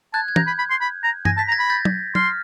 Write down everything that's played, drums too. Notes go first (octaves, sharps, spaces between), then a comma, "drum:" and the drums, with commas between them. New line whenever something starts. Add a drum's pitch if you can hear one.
A5 F#6 G#6
G#6
A#5 G6, drum: tom
B5
B5
C6
B5
A#5
G#5 A#6, drum: tom G2
A5 B6
A#5
G#6 A#6
B5
G6 A6
drum: tom
C6 F6, drum: tom